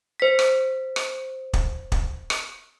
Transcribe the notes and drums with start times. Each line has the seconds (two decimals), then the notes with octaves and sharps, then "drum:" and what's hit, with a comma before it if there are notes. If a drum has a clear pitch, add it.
0.20 C5 B6
0.39 drum: rim click
0.96 drum: rim click
1.53 drum: kick
1.92 drum: kick
2.30 drum: rim click